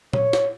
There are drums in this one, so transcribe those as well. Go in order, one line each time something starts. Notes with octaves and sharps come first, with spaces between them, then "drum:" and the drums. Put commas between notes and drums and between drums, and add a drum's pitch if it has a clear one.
C#5, drum: tom A#2
drum: snare